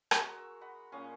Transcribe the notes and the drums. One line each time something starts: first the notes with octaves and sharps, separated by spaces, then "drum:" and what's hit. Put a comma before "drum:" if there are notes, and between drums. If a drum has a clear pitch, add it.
G#3 F#4 A#4 C#6, drum: rim click
E6
D#5 F#5 B5
A#2 C#4 F5 C#6 D#6